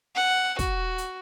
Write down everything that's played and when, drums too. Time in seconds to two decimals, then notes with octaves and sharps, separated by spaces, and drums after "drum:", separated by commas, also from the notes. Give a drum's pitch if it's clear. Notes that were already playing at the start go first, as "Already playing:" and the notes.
0.16 F#5
0.59 F#4, drum: kick, hi-hat
0.98 drum: hi-hat